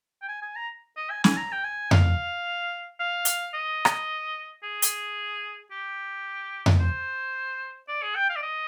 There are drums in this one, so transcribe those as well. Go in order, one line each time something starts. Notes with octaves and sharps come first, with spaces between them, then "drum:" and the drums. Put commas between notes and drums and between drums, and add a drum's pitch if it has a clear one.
G5
G#5
G#5
A#5
D#5
G#5
G#5, drum: snare
A#5
G5
G#5
F5, drum: tom F2
F5
drum: hi-hat
D#5
drum: rim click
G#4
drum: hi-hat
G4
drum: tom F2
C5
D5
G#4
G5
F5
D5
D#5